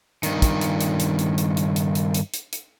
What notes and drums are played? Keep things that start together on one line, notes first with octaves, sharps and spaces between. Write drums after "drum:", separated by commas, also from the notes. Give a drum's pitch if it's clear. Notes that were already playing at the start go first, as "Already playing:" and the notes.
G2 D#3, drum: hi-hat
drum: kick, hi-hat
drum: hi-hat
drum: hi-hat
drum: hi-hat
drum: hi-hat
drum: hi-hat
drum: hi-hat
drum: hi-hat
drum: hi-hat
drum: hi-hat
drum: hi-hat
drum: hi-hat